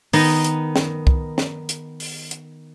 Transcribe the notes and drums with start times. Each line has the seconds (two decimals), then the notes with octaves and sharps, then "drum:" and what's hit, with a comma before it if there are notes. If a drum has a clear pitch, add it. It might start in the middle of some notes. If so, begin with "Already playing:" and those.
0.13 D#3 B3 D#4 D#5, drum: open hi-hat
0.44 drum: hi-hat
0.76 drum: snare
1.07 drum: kick
1.38 drum: snare
1.69 drum: hi-hat
2.00 drum: open hi-hat
2.31 drum: hi-hat